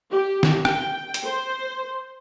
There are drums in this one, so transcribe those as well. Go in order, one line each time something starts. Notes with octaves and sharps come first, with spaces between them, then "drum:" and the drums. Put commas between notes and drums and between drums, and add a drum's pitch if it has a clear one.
G4
drum: snare
G5, drum: rim click
drum: hi-hat
C5